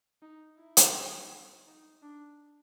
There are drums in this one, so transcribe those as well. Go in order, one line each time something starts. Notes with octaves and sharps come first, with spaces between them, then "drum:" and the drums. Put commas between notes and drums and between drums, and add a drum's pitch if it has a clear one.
D#4
E4
drum: hi-hat
D#4
D4